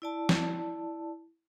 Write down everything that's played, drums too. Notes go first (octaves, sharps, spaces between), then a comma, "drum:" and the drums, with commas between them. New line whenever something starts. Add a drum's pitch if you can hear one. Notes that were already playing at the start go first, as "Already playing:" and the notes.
E4 D5 A5
drum: snare